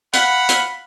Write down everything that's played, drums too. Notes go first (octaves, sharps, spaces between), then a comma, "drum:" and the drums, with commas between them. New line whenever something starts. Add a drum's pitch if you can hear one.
F5 F#5 B5, drum: hi-hat
drum: hi-hat